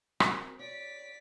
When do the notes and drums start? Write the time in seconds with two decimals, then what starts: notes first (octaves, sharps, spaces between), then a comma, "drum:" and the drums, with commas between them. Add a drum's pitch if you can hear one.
0.20 C4 F#4 A#4 F#5 G#5, drum: rim click
0.59 C#5 D5 B6